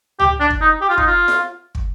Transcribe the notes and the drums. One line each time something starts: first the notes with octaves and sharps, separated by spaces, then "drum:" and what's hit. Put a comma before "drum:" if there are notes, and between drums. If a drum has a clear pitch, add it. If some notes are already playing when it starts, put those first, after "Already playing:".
G4, drum: tom C#2
D4
drum: kick
D#4
G4
F4
D#4, drum: kick
F4
drum: snare F4
drum: kick